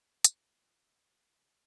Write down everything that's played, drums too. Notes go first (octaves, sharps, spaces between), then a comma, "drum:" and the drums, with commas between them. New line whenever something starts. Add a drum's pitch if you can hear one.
F4 C#5, drum: hi-hat